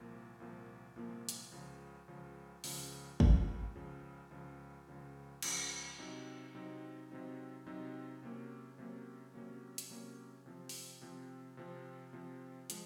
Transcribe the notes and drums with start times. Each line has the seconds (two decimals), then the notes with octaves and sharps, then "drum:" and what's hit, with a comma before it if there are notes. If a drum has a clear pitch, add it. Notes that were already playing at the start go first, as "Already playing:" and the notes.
Already playing: C2 A#2 F3 A#3
0.40 C2 A#2 F3 A#3
0.96 C2 A#2 F3 A#3
1.29 drum: hi-hat
1.52 C#2 C#3 F3
2.08 C#2 C#3 F3
2.64 C#2 C#3 F3, drum: open hi-hat
3.20 C#2 C#3 F3, drum: kick
3.76 C#2 C#3 F3
4.31 C#2 C#3 F3
4.87 C#2 C#3 F3
5.42 C#2 C#3 F3, drum: cymbal
5.98 C3 F#3 C4 D#4
6.54 C3 F#3 C4 D#4
7.11 C3 F#3 C4 D#4
7.66 C3 F#3 C4 D#4
8.23 C3 F#3 A#3 C#4
8.78 C3 F#3 A#3 C#4
9.34 C3 F#3 A#3 C#4
9.78 drum: hi-hat
9.90 C3 F#3 A#3 C#4
10.46 C3 F3 C4
10.69 drum: open hi-hat
11.01 C3 F3 C4
11.57 C3 F3 C4
12.13 C3 F3 C4
12.70 F3 G#3, drum: hi-hat